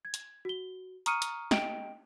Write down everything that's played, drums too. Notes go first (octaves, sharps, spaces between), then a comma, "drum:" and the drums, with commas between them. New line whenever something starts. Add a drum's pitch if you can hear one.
G#6
drum: hi-hat
F#4 G7
A#5 C#6 D#6 F6 C#7 D#7, drum: hi-hat
drum: hi-hat
D#5 G5 D7, drum: snare